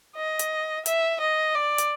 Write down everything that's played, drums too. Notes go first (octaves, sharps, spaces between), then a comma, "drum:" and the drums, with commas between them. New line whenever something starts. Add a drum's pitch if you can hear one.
D#5
drum: hi-hat
E5, drum: hi-hat
D#5
D5
drum: hi-hat